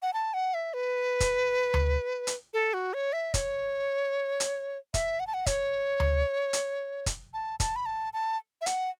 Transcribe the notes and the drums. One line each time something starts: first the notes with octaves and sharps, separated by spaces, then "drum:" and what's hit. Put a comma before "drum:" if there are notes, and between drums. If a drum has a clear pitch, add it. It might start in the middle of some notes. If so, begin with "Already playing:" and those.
F#5
A5
F#5
E5
B4
drum: kick, hi-hat
drum: tom D2
drum: hi-hat
A4
F#4
C#5
E5
C#5, drum: kick, hi-hat
drum: hi-hat
E5, drum: kick, hi-hat
F#5
A5
F#5
C#5, drum: kick, hi-hat
drum: tom D2
drum: hi-hat
drum: kick, hi-hat
A5
A5, drum: kick, hi-hat
B5
A5
A5
E5
F#5, drum: hi-hat